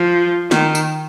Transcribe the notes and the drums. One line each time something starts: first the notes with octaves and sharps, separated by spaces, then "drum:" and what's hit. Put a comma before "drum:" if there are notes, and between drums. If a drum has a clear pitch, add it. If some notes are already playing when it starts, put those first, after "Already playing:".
Already playing: F3
D#3, drum: snare
drum: tambourine